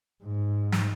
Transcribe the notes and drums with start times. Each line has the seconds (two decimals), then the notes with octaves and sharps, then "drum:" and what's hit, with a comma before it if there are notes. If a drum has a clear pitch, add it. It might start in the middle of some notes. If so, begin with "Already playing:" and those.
0.23 G#2
0.72 drum: snare